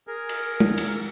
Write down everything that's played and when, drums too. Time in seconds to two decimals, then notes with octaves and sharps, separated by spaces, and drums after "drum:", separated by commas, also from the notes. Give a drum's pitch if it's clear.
0.07 G#4 A#4
0.29 drum: cymbal
0.60 drum: tom
0.78 drum: cymbal